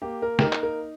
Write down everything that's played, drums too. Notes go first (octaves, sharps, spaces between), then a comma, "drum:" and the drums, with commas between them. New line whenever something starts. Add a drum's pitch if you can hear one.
A#3 G4
A#4
G4, drum: snare
D#4 A#4
drum: clap
A#4